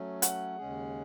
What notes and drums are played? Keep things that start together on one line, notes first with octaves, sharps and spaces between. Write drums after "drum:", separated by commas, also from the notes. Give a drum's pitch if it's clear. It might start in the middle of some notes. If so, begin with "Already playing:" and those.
Already playing: F#3 A3 C#4
F#5, drum: hi-hat
D#2 C#3 G#3 C#4 G#4